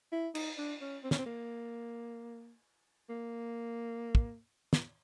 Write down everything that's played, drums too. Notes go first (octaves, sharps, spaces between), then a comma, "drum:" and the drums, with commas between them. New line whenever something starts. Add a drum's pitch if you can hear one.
E4
D#4, drum: cymbal
D4
C#4
C4
C#4, drum: snare
C4
A#3
A#3
drum: kick
drum: snare